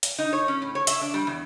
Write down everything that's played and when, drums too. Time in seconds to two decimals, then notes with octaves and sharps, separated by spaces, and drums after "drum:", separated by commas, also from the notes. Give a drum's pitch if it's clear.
0.03 drum: hi-hat
0.19 D#4
0.33 C#5
0.48 C#4
0.62 A2
0.75 C#5
0.87 E5, drum: hi-hat
1.01 D4
1.14 G3
1.27 E2